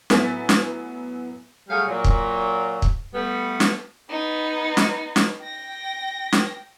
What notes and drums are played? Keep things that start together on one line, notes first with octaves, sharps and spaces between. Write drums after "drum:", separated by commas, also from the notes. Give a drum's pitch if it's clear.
A2 F#3 B3 G#5 A6 B6, drum: snare
drum: snare
F#3 G3 A3 F#4 G#4 F5
A#2 F#3
drum: kick
drum: kick
G3 A3 B3
drum: snare
B3 D#4
drum: snare
drum: snare
G5 A#6
drum: snare